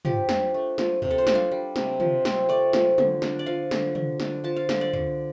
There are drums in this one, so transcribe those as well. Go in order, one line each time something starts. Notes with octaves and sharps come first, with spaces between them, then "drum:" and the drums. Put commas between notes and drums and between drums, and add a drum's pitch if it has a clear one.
F3 G4, drum: tom
D4, drum: snare
A3
F3, drum: snare
C3, drum: tom
A4
C5
D4, drum: snare
F5
G3
C3, drum: snare
F3, drum: tom
C4, drum: snare
A3 D5
F3, drum: snare
D3, drum: tom
D4, drum: snare
D5
F3 F5
D3, drum: snare
D3, drum: tom
D4, drum: snare
F3 A5
F5
D3 F5, drum: snare
D5
D3, drum: tom